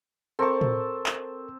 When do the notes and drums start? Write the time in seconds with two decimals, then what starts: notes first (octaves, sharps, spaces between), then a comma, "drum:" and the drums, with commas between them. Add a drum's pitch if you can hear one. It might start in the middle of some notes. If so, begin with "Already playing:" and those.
0.39 C4 A4 A#4 A5 C#6
0.61 drum: tom
1.06 drum: clap